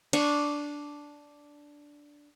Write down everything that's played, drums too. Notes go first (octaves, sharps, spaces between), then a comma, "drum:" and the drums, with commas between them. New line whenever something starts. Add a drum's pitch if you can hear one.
D4 C#6, drum: cymbal